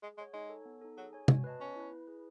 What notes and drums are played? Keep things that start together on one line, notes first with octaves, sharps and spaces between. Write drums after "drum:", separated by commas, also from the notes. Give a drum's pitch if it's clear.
G#3 G#4
G#3 C#5 F#5
G#3 D#4
A4 C#5 G#5
B3
D#4 A4
F#3 G#4
C#5 G#5
G#3 F#4, drum: tom
B4 D#5 A5
B3 C#4
E4 B4
E4
G#4 B4